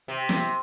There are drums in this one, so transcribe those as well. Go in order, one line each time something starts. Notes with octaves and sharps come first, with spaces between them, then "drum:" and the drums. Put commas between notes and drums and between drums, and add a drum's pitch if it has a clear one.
C3
drum: snare